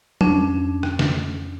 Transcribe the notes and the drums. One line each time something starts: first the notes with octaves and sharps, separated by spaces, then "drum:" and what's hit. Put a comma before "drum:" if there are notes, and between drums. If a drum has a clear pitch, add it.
F2 C#4 D4, drum: tom
drum: rim click
drum: snare